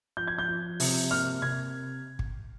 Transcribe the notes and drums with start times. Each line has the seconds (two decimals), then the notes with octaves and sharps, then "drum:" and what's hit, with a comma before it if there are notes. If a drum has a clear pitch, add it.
0.17 F3 G6
0.27 G#6
0.38 G6
0.48 F3
0.80 C3, drum: open hi-hat
1.11 A#3 F6
1.42 C3 G#6
2.19 drum: kick